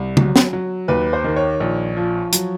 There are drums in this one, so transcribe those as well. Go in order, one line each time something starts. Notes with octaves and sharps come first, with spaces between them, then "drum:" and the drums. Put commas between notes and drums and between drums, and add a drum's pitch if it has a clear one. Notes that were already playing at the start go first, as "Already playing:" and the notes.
Already playing: C2
F#3, drum: tom
drum: snare
F#3
D#2 B4
C5
D#3
C#5
A#1
F3
F#3, drum: hi-hat